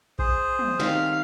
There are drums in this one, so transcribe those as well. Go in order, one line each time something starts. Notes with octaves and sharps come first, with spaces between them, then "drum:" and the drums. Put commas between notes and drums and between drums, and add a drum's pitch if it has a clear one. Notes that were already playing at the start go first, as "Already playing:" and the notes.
G#4 C5, drum: kick A#1
drum: tom
D#3 G3 C4 F5, drum: snare